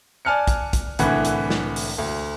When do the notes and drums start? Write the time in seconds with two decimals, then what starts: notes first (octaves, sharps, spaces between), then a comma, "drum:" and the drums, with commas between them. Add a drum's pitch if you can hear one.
0.25 D5 G#5 A5 F6 F#6 C#7
0.47 drum: kick A#1, hi-hat
0.73 drum: kick A#1, hi-hat
0.99 C2 A2 D3 E3 F#5 G#6, drum: hi-hat
1.25 drum: hi-hat
1.50 drum: snare
1.76 drum: open hi-hat
1.98 D2